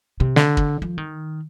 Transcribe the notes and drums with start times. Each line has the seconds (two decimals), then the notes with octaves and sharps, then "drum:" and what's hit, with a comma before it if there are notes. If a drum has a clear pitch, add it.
0.20 C3
0.36 D3, drum: snare
0.57 drum: kick
0.82 F3
0.98 D#3